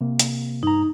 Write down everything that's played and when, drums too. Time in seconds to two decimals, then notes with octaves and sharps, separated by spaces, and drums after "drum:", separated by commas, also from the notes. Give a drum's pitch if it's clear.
0.01 C3 A#3
0.19 drum: hi-hat
0.63 G2 D#4 A#5